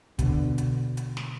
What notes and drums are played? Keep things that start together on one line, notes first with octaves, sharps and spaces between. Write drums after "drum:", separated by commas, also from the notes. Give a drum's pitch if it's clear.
B2 D3, drum: kick, hi-hat
drum: hi-hat
drum: hi-hat
drum: snare